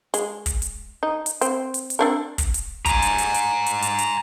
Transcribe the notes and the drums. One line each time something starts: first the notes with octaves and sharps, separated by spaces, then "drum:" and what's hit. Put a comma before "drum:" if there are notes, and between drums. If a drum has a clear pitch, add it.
G#3, drum: hi-hat
drum: kick, hi-hat
drum: hi-hat
D#4
drum: hi-hat
C4, drum: hi-hat
drum: hi-hat
drum: hi-hat
C4 D4 A#4
drum: kick, hi-hat
drum: hi-hat
G#5 A#5, drum: kick, hi-hat
drum: hi-hat
drum: hi-hat
drum: hi-hat
drum: hi-hat
drum: hi-hat
drum: hi-hat